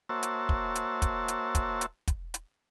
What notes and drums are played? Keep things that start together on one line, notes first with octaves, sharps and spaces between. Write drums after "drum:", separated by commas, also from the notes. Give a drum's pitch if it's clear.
A#3 F#4 C5 C#5 E5 A5
drum: hi-hat
drum: kick
drum: hi-hat
drum: kick, hi-hat
drum: hi-hat
drum: kick, hi-hat
drum: hi-hat
drum: kick, hi-hat
drum: hi-hat